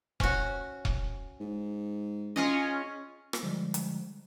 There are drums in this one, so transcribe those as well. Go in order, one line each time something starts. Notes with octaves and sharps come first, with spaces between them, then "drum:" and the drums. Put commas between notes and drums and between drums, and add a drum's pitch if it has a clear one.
C#4 F#4, drum: kick E1
drum: kick E1
G#2
C#4 F4 G#4 D#5
drum: rim click
D3 F3 G3 G#3
drum: hi-hat